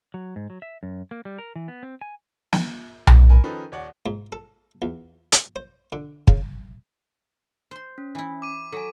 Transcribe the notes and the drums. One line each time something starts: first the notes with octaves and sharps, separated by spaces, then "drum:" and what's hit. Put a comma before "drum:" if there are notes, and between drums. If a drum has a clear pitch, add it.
F#3
G#2
F#3
E5
F#2
A#3
G3
A#4
E3
B3
C4
G#5
drum: snare
drum: tom B1
A#4 G#5 B5
D#3 F3 C#4 D#4 A4 B4
D#1 C#5 D5 F#5
G#2
A4
E2
drum: hi-hat
C5
D3
C#3, drum: kick
C5 C6
C#4
E3 E4
D6 D#7
F#3 A4 G#5